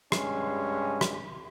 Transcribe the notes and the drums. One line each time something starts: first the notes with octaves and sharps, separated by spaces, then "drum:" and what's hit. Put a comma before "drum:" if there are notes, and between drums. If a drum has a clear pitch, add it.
G2 G#3 C#4, drum: rim click
drum: rim click